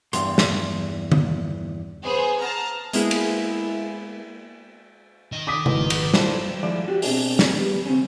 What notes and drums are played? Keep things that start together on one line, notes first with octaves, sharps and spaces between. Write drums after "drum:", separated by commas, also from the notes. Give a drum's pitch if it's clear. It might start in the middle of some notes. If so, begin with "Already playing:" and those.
E2 G2 C6, drum: hi-hat
drum: snare
drum: tom D3
B3 G#4 C5
A5 A#5 F6
G#3 A#3 B3 E4 G#4, drum: hi-hat
drum: cymbal
D#3 D#5
D6 D#6 B6
G#1 F2 G#2 B2, drum: tom C#3
B3, drum: cymbal
F3 G3 E4 A4, drum: snare
F3 G#3 E4 D5
F#4 G4
B2 C4 D4 G#4, drum: open hi-hat
drum: snare
G3 B3
C#3 C4 C#4